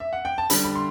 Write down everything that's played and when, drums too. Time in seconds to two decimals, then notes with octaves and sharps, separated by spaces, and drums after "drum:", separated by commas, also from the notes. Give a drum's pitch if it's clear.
0.00 E5
0.13 F#5
0.25 G5
0.38 A5
0.50 D3 G3 B5, drum: hi-hat
0.64 B5
0.75 C6